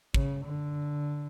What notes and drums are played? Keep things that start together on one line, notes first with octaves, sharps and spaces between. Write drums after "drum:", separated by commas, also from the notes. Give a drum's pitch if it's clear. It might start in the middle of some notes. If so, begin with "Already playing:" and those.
C#3, drum: kick
D3